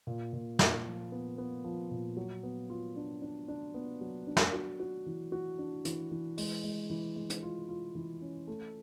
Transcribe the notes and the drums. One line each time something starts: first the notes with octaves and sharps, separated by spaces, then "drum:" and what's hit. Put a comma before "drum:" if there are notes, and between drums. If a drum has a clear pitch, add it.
A#2
A#2
A#2, drum: snare
F3
B3
B3
F3
A#2
F#3
B3
F4
D4
D4
D4
B3
F#3
D4
drum: snare
F#4
F#4
E3
F#4
D4
E3, drum: hi-hat
E3
G#3, drum: open hi-hat
G#3
E3
G#3
drum: hi-hat
F4
F4
E3
C#4
A3